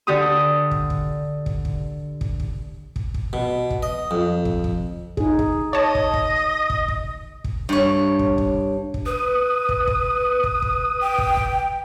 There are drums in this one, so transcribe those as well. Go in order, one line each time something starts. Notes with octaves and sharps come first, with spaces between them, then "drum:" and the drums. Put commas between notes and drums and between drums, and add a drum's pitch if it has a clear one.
D3 G4 D#6
drum: kick
drum: kick
drum: kick
drum: kick
drum: kick
drum: kick
drum: kick
drum: kick
B2
drum: kick
D#5
F2
drum: kick
drum: kick
D#4 G#4, drum: kick
drum: kick
C#5 D#5 A5
drum: kick
drum: kick
drum: kick
drum: kick
drum: kick
G2 C#5
drum: kick
drum: kick
drum: kick
B4 D#6
drum: kick
drum: kick
drum: kick
drum: kick
G5
drum: kick
drum: kick